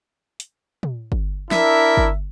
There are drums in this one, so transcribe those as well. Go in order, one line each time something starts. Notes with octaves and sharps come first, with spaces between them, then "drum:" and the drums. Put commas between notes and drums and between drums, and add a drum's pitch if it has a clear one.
drum: hi-hat
drum: tom
drum: kick G1
D4 E4 A#4 E5, drum: snare
drum: kick G1